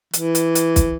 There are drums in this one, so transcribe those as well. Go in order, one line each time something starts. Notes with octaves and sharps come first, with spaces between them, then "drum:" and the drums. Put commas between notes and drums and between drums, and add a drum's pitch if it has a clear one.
E3, drum: hi-hat
drum: hi-hat
drum: hi-hat
drum: kick, hi-hat